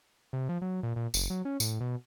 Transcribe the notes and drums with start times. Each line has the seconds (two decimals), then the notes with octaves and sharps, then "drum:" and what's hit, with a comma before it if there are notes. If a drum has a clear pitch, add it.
0.33 C3
0.49 F3
0.62 F#3
0.83 A#2
0.96 A#2
1.14 F#1, drum: tambourine
1.30 F#3
1.45 C#4
1.60 A2, drum: tambourine
1.81 B2